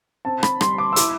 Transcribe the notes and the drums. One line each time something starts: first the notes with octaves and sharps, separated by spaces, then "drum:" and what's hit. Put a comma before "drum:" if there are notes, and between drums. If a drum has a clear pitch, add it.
C4 A5
B5, drum: rim click
G3 C6, drum: rim click
D6
E6
E4 D6, drum: hi-hat